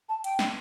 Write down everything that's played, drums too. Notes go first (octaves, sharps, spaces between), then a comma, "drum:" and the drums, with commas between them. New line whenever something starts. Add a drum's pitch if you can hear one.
A5
G5, drum: hi-hat
drum: snare